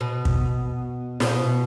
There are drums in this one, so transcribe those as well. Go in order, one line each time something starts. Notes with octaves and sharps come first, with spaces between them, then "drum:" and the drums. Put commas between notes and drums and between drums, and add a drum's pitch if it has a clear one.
B2
drum: kick
B2, drum: snare